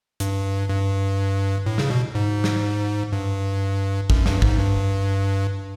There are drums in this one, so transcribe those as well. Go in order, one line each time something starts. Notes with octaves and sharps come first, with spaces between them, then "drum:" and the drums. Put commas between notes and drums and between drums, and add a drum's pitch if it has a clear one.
G2, drum: hi-hat
G2
A2
C#3, drum: snare
B2
G#2
drum: snare
G2
F#2, drum: kick
G2, drum: snare
G#2, drum: kick
G2